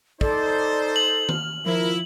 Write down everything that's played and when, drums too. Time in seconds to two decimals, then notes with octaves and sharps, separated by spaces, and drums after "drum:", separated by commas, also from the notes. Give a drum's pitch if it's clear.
0.21 D#4 A4 C5 D5, drum: kick
0.96 F#7
1.29 F6, drum: tom D#3
1.66 F3 E4 A#4